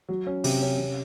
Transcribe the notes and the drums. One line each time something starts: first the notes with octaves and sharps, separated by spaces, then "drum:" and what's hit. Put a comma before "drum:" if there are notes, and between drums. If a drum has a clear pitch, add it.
F#3
C#4
C3, drum: open hi-hat
C#4
C3